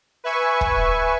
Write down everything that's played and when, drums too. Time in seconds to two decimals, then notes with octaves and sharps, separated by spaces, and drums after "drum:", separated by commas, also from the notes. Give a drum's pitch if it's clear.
0.24 B4 E5 G#5 C#6
0.61 drum: kick